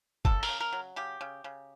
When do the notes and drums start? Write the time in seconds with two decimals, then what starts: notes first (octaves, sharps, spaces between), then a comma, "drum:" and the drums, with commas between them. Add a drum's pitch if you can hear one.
0.25 C#3 A4, drum: kick
0.43 A#4, drum: open hi-hat
0.49 C#3
0.60 A#4
0.73 F#3
0.96 C#3 G4
1.21 C#3
1.44 C#3